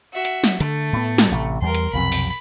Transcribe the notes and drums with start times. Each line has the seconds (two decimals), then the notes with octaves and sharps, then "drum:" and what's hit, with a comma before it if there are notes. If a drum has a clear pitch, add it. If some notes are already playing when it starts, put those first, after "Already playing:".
0.13 F#4 E5
0.25 drum: hi-hat
0.44 drum: snare
0.60 D3 A3, drum: hi-hat
0.93 A2 B3
1.18 drum: snare
1.32 A1 C3
1.62 E2 G3 A#4 C6
1.74 drum: hi-hat
1.93 B1 F2 C3 B5
2.12 drum: open hi-hat